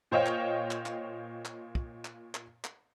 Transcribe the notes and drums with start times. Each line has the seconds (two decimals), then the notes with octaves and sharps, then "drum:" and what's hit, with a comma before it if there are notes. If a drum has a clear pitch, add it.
0.11 A#2 C5 C#5 D#5 F5 G5
0.26 drum: clap
0.71 drum: clap
0.86 drum: clap
1.45 drum: clap
1.75 drum: kick
2.05 drum: clap
2.35 drum: clap
2.64 drum: clap